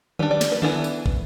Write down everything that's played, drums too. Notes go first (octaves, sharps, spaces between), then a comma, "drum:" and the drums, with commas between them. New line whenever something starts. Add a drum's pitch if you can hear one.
G3 D4 B4, drum: tom D3
D5
drum: snare
B4
E3 B3 D4 A4, drum: tom D3
drum: tambourine
drum: kick